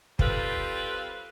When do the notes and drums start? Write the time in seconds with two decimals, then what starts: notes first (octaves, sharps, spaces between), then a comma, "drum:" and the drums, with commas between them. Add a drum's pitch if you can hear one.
0.19 G3 C4 F4 A4 B4, drum: kick